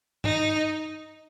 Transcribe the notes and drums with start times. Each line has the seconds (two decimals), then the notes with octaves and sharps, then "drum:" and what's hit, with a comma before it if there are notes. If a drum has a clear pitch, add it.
0.24 D#4, drum: tom G2